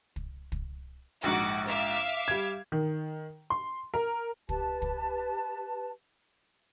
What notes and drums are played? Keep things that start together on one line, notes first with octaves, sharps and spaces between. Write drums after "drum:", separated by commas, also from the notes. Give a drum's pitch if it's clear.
drum: kick
drum: kick
A#1 G#2 F#4 D6
E5 F5 D6
G3 G#6
D#3
C6
A#4
G4 B4 A5, drum: kick
drum: kick